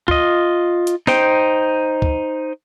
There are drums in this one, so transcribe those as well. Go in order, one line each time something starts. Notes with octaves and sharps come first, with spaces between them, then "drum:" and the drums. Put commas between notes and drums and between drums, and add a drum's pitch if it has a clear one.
F4 D#5, drum: kick
drum: hi-hat
D#4 C5 G5, drum: snare
drum: kick